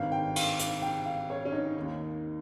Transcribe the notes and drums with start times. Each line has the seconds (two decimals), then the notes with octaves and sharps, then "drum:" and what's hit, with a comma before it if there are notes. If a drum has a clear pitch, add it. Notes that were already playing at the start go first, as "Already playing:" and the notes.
Already playing: G#1 G2 D#3 F5
0.12 G5
0.36 F5, drum: cymbal
0.59 F5, drum: hi-hat
0.82 G5
1.05 F5
1.30 C#5
1.45 C#4
1.52 D#4
1.77 D#2 D#3